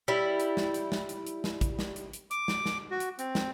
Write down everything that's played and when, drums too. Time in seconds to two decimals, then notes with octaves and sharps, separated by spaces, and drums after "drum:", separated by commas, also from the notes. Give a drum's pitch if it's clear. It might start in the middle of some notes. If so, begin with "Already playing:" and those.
0.08 G3 E4
0.40 drum: hi-hat
0.57 drum: snare
0.74 drum: hi-hat
0.92 drum: snare
1.09 drum: hi-hat
1.27 drum: hi-hat
1.44 drum: snare
1.61 drum: kick, hi-hat
1.79 drum: snare
1.96 drum: hi-hat
2.13 drum: hi-hat
2.31 D6, drum: hi-hat
2.48 drum: snare
2.66 drum: snare
2.91 F#4
3.00 drum: hi-hat
3.19 C4, drum: hi-hat
3.35 drum: snare